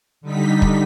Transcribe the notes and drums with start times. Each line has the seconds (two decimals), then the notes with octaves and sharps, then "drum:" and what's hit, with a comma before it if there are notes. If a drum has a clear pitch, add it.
0.21 D3 G3 D#4 B6
0.62 drum: kick